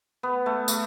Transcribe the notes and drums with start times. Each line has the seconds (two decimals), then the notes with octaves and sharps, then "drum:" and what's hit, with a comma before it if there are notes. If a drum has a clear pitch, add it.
0.23 B3
0.46 A3
0.68 A3, drum: tambourine